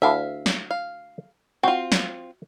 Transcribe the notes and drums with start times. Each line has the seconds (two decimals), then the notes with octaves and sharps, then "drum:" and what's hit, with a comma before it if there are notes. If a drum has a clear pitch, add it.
0.02 D2 D4 E4 E5 F5
0.46 drum: snare
0.71 F5
1.63 C4 F4 F#4 G5
1.92 drum: snare